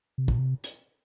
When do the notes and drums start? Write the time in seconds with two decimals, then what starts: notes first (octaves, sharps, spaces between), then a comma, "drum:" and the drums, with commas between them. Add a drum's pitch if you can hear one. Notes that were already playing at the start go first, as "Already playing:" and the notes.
0.18 C3
0.28 A#2, drum: kick
0.38 C3
0.64 drum: hi-hat